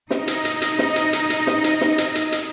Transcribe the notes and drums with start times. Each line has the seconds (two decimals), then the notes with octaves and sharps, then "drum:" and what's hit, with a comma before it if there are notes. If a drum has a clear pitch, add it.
0.10 D#4 D#5, drum: snare
0.28 drum: hi-hat
0.45 drum: hi-hat
0.62 drum: hi-hat
0.79 drum: snare
0.96 drum: hi-hat
1.13 drum: hi-hat
1.30 drum: hi-hat
1.47 drum: snare
1.64 drum: hi-hat
1.81 drum: snare
1.98 drum: hi-hat
2.15 drum: hi-hat
2.32 drum: hi-hat